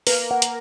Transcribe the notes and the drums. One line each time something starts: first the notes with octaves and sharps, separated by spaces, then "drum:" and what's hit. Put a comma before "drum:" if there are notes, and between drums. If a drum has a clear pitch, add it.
A#3 A#4 B4, drum: open hi-hat
F#5
drum: hi-hat